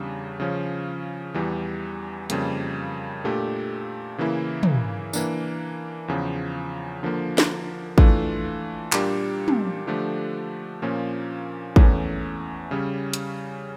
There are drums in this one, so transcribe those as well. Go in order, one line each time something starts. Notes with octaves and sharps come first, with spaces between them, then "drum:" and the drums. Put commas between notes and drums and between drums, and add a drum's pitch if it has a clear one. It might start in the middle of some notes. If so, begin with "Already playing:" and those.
Already playing: E2 C#3 G3 D4
C#3 F3 C#4
E2 E3 G3
F2 C#3 G3 A#3, drum: hi-hat
A#2 A3 D4 G4
C#3 E3 A#3 E4
drum: tom
E3 A#3 D4, drum: tambourine
E2 C#3 F3
D3 F3 A#3
drum: snare
E3 A3 D4 F4, drum: kick
A#2 G3 A#3 D4 G4, drum: clap
drum: tom
D3 F3 A3 D4 G4
A#2 F3 A#3 C#4
E2 E3 A3 C#4, drum: kick
C#3 G3 C#4
drum: hi-hat